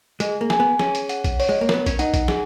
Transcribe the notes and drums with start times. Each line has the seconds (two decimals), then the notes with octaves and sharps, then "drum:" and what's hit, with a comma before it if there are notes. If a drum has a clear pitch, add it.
0.20 G#3 G#4, drum: hi-hat
0.41 A#3
0.50 G#5, drum: snare
0.60 B3
0.79 C#4 G#4, drum: snare
0.95 drum: hi-hat
1.09 F#5, drum: hi-hat
1.24 drum: kick A#1, hi-hat
1.40 C#5, drum: open hi-hat
1.49 G#3
1.61 A#3
1.69 B3 A#4, drum: snare
1.86 C#4, drum: kick A#1, hi-hat
1.99 D#4 F#5, drum: hi-hat
2.14 drum: kick A#1, hi-hat
2.28 G#4, drum: snare